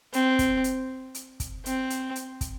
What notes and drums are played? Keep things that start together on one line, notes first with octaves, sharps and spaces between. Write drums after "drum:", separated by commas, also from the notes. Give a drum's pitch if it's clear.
C4, drum: hi-hat
drum: kick, hi-hat
drum: hi-hat
drum: hi-hat
drum: kick, hi-hat
C4, drum: hi-hat
drum: hi-hat
drum: hi-hat
drum: kick, hi-hat